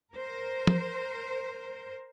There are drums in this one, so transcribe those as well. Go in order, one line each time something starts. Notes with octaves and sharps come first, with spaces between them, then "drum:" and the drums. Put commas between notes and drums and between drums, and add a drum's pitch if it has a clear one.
A#4 C5
drum: tom